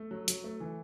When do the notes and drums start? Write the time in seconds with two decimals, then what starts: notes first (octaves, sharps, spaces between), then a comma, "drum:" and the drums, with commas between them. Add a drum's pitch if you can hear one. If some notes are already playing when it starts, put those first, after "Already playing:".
Already playing: A3
0.11 F#3
0.28 F#3, drum: hi-hat
0.44 A3
0.60 E3